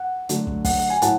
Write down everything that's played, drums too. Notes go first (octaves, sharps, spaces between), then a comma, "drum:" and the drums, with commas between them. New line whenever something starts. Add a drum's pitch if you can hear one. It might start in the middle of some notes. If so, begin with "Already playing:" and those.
Already playing: F#5
D3 F#3 A3, drum: hi-hat
drum: kick
F#5, drum: kick, open hi-hat
F#5
G#5
A2 F#3 A3 F#5 A5, drum: hi-hat